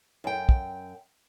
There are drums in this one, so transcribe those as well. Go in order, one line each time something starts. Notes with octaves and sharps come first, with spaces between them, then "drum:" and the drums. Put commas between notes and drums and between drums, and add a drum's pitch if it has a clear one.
F#2 G5
drum: kick